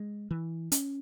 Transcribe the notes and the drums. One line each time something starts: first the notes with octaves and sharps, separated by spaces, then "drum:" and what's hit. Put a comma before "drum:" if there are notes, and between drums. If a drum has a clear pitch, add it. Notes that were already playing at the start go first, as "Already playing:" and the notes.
Already playing: G#3
E3
C#4, drum: hi-hat